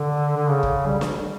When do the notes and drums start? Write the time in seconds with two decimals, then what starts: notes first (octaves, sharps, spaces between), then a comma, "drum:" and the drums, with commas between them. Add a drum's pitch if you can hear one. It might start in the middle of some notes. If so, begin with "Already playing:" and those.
Already playing: D3
0.37 D3
0.48 C#3
0.63 drum: kick
0.86 G3
1.01 drum: snare